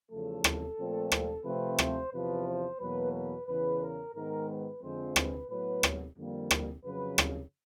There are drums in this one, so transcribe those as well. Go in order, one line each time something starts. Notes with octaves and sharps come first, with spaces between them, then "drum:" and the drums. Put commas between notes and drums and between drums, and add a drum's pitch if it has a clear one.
E2 C#3 F3 A3 A4
drum: rim click
A#2 F3 A3 C4
drum: rim click
C3 F3 A3 C4 B4
C5, drum: rim click
E2 C3 F3 B4
C5
E2 B2 F#3 A#3 B4
B4
E2 C#3 E3 B4
A#4
G#2 D#3 G#3 B3 A#4
B4
F2 D3 F3 G#3 C4 C5
B4, drum: rim click
A2 F#3 B3 B4
drum: rim click
F2 D3 G3 A#3
drum: rim click
F2 C#3 F#3 B4
drum: rim click